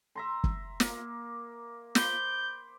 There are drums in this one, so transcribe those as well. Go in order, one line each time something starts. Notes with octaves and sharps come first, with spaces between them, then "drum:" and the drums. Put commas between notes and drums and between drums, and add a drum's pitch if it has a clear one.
E5 A#5 C6
drum: kick F#1
A#3, drum: snare
C5 B5 D6 G6, drum: snare